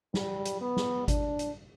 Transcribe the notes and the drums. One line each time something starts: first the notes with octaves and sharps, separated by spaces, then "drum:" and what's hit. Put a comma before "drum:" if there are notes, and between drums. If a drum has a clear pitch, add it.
G3, drum: snare
drum: hi-hat
B3
drum: snare
D4, drum: kick G#1, hi-hat
drum: hi-hat